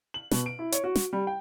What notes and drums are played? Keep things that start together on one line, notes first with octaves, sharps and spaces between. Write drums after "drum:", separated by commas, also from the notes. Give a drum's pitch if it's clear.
F#7
B2, drum: snare
D7
E4
C#5, drum: hi-hat
F#4
drum: snare
G3
G5